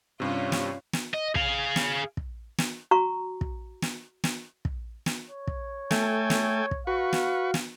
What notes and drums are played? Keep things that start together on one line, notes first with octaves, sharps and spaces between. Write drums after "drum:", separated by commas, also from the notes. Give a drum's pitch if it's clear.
G2 C3 C#4 F4 C#5
drum: snare
drum: snare
D#5
G#4 F5, drum: kick
drum: snare
drum: kick
drum: snare
F#4 A#5 C#6
drum: kick
drum: snare
drum: snare
drum: kick
drum: snare
C#5
drum: kick
A3 A4 G5 G#5, drum: snare
drum: snare
drum: kick
F#4 B4 F5 C#6
drum: snare
drum: snare